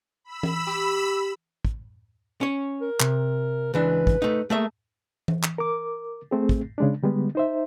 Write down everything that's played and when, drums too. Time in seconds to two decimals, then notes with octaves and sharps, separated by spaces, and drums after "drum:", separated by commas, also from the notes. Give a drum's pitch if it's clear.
0.24 B5 E6
0.43 drum: tom E3
0.67 G4
1.65 drum: kick
2.41 C#4 C#5
2.81 A#4
3.00 C3, drum: clap
3.74 C#2 E3 D4 B4
4.07 drum: kick
4.22 A3 D#4
4.50 A3 A#3 G#4 E5
5.28 drum: tom E3
5.43 drum: clap
5.58 A#4 D6
6.31 A3 C4 G#4
6.49 drum: kick
6.78 C#3 G#3 D4
7.03 D3 G3 G#3 B3
7.35 D#4 C5 E5